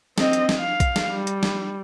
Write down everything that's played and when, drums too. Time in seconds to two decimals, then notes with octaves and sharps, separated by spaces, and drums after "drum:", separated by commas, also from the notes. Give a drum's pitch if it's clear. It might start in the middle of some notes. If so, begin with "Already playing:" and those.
0.18 C4 D#5, drum: snare
0.33 drum: hi-hat
0.49 drum: snare
0.59 F5
0.80 drum: kick B1, hi-hat
0.96 drum: snare
1.07 G3
1.27 drum: hi-hat
1.43 drum: snare